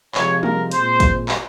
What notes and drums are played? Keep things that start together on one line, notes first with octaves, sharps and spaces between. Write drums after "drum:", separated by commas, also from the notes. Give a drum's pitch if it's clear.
C3 F3 G#3 C#5, drum: clap
A#4, drum: tom G3
A#2 G#3 C4 C5, drum: hi-hat
drum: kick, hi-hat
drum: clap